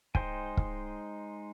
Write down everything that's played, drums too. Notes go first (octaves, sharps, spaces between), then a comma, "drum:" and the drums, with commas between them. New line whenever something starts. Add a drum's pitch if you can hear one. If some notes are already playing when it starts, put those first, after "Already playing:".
G#3 D#4 C5 G5 G#5, drum: kick
drum: kick